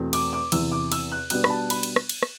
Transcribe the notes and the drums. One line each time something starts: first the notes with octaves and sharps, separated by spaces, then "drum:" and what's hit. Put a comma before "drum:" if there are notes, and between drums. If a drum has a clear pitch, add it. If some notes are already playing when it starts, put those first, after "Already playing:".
Already playing: E2 B2 A3 C4
D6, drum: cymbal
D6
E2 C3 E3 E6, drum: cymbal
D6
E6, drum: cymbal
F#6
B2 G3 B3 D4 F#6, drum: cymbal
B5, drum: rim click
A5
B5, drum: cymbal
drum: cymbal
drum: rim click
drum: cymbal
drum: rim click